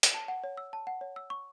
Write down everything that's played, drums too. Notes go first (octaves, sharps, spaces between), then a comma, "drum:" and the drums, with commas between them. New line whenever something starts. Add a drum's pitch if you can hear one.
drum: hi-hat
A5
F#5
C#5
E6
A5
F#5
C#5
E6
C#6